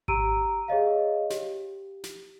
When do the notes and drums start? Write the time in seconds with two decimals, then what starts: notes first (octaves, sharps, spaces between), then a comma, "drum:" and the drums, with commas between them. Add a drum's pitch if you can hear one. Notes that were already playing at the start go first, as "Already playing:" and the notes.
0.08 G4 A#5 E6 D7 D#7, drum: kick G#1
0.68 G#4 C#5 D#5 F5
1.30 G4, drum: snare
2.04 drum: snare